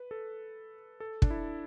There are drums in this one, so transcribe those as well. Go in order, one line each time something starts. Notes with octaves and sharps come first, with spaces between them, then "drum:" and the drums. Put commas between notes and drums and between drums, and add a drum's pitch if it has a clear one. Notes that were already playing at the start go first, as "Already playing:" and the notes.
Already playing: B4
A4
A4
D4, drum: kick
E4